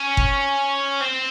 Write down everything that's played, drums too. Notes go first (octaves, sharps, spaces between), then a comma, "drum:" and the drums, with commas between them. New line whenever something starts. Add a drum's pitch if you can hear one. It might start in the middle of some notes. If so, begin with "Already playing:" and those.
Already playing: C#4
drum: kick F#1
C4